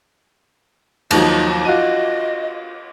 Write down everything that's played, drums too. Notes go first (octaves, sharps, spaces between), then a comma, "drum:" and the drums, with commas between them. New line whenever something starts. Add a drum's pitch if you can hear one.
D#2 F3 F#3 D#4, drum: cymbal
F4 F#4 D#5 D#7